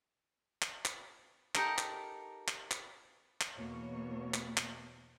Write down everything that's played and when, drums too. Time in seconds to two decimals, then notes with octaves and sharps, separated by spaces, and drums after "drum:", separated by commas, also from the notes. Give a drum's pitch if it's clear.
0.62 drum: clap
0.85 drum: clap
1.55 D#4 G4 A4 A#4, drum: clap
1.78 drum: clap
2.48 drum: clap
2.71 drum: clap
3.41 drum: clap
3.56 E2 B2 A#3 B3 C#5
4.34 drum: clap
4.57 drum: clap